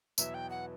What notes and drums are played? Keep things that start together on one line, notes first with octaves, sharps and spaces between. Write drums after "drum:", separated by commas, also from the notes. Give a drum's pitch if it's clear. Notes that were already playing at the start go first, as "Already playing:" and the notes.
E2 B2 F#3 B3 E4 E5, drum: tambourine
G5
F#5